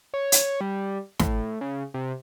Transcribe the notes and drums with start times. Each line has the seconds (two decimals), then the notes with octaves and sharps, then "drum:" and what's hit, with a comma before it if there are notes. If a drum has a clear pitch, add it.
0.14 C#5
0.32 drum: hi-hat
0.61 G3
1.19 A2, drum: snare
1.61 C#3
1.94 C3